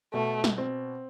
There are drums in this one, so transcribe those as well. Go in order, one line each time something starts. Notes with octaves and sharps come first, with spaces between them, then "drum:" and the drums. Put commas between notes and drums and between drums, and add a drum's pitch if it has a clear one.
B2 A3
drum: snare
C4